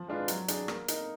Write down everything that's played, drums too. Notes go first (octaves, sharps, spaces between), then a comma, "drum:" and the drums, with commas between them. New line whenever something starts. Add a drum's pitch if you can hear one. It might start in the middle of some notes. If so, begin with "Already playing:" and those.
Already playing: F3
G#3 D4 F4 B4
F#3, drum: hi-hat
D4 G#4, drum: hi-hat
A#3, drum: rim click
D#4 A#4, drum: hi-hat